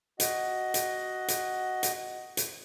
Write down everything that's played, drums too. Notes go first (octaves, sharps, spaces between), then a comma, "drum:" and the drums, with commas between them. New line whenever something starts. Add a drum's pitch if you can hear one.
F#4 D#5 F#5, drum: hi-hat
drum: hi-hat
drum: hi-hat
drum: hi-hat
drum: hi-hat